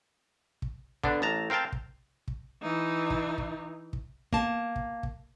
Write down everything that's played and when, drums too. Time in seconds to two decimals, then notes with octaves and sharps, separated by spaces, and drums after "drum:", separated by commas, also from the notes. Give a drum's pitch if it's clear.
0.62 drum: kick
1.04 D3 B3 D4, drum: kick
1.22 A1 A5 A#5
1.50 C4 A#4 F5 G5 A5
1.72 drum: kick
2.28 drum: kick
2.63 E3 D#4
3.10 drum: kick
3.38 drum: kick
3.93 drum: kick
4.33 A#3 A5, drum: kick
4.76 drum: kick
5.03 drum: kick